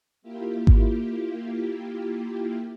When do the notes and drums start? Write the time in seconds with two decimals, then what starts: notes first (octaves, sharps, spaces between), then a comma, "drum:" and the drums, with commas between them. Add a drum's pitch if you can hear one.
0.22 A#3 E4 F4 G4
0.67 drum: kick G#1